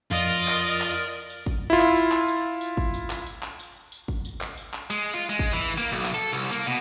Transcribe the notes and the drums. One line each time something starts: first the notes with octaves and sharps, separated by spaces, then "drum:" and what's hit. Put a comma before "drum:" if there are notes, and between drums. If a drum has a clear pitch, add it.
F2 F4 A#4 D5 D#5
drum: tambourine
drum: clap
drum: tambourine
drum: clap
drum: tambourine
drum: tambourine
drum: kick
E4 F4
drum: clap
drum: tambourine
drum: clap
drum: tambourine
drum: tambourine
drum: kick
drum: tambourine
drum: clap
drum: tambourine
drum: clap
drum: tambourine
drum: tambourine
drum: kick
drum: tambourine
drum: clap
drum: tambourine
drum: clap
G#3, drum: tambourine
F4
G#3
drum: kick
E3, drum: tambourine
A#3
B1
drum: clap
A4
C2
A#3
B2